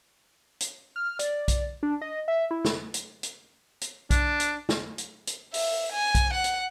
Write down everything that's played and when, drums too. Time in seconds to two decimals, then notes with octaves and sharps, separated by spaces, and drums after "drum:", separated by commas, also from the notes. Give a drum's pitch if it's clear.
0.60 drum: hi-hat
0.96 F6
1.19 D5, drum: hi-hat
1.48 drum: kick B1, hi-hat
1.83 D4
2.01 D#5
2.28 E5
2.51 E4
2.65 drum: snare
2.94 drum: hi-hat
3.23 drum: hi-hat
3.81 drum: hi-hat
4.10 D4, drum: kick B1, hi-hat
4.40 drum: hi-hat
4.69 drum: snare
4.98 drum: hi-hat
5.27 drum: hi-hat
5.54 E5, drum: open hi-hat
5.93 G#5
6.15 drum: kick B1, hi-hat
6.34 F#5
6.44 drum: hi-hat